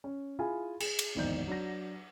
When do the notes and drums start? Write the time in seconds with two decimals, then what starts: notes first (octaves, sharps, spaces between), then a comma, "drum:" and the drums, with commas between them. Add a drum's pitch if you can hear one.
0.04 C#4
0.39 E4 F4 G#4 G#5 B5
0.80 G#4, drum: cymbal
0.99 drum: cymbal
1.15 D1 G#1 E2 D#4 D5 G6
1.47 F#3 D4 A#6